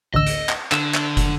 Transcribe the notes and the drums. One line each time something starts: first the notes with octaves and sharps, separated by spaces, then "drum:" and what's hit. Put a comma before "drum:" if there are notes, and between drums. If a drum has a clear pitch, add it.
A1 D2 D#5 E6
drum: hi-hat
drum: clap
D3 E6, drum: clap
drum: clap
drum: kick, hi-hat